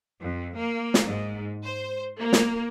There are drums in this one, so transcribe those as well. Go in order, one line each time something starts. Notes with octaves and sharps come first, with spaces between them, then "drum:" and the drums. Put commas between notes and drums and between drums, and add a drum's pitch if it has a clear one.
F2
A#3
drum: snare
G#2
C5
A#3
drum: snare